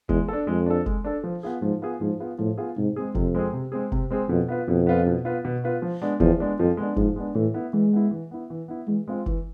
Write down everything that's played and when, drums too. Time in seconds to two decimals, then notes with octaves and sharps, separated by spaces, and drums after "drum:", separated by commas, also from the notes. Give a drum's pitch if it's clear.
0.09 E2 G#3, drum: kick
0.28 D4 A4
0.47 F2 G#3
0.66 D4 A4
0.86 G#3, drum: kick
1.04 D4 A4
1.24 F3
1.43 B3 F4 G#4
1.62 G#2 F3
1.82 B3 F4 G#4
2.01 G#2 F3
2.20 B3 F4 G#4
2.38 A2 F3
2.58 B3 F4 G#4
2.77 G#2 C3
2.96 G#3 C4 G#4
3.15 F2 C3, drum: kick
3.35 G#3 C4 G#4
3.53 C3
3.72 G#3 C4 G#4
3.92 C3, drum: kick
4.11 G#3 C4 G#4
4.29 F2 B2
4.48 B3 F4 B4
4.68 F2 B2
4.87 B3 F4 B4
5.07 B2
5.25 B3 F4 B4
5.45 B2
5.64 B3 F4 B4
5.82 F3
6.02 G#3 B3 D4
6.20 E2 F3, drum: kick
6.40 G#3 B3 D4
6.59 F2 F3
6.77 G#3 B3 D4
6.96 G#2 F3, drum: kick
7.16 G#3 B3 D4
7.35 A2 E3
7.54 B3 E4
7.73 E3 G#3
7.93 B3 E4
8.11 E3
8.31 B3 E4
8.50 E3
8.68 B3 E4
8.88 E3 G#3
9.08 G#3 C4 F4
9.26 E3, drum: kick